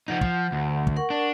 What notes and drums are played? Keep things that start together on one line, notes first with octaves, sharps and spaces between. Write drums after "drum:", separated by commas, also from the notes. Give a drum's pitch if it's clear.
F3 D#4 F#5
F3, drum: kick
D2
drum: kick
A#4 F#5 C#6
D4